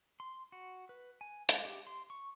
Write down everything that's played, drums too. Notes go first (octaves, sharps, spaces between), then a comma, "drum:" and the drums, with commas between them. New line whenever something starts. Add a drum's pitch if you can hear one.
C6
F#4
B4
G#5
G#3, drum: hi-hat
G4
C6
C#6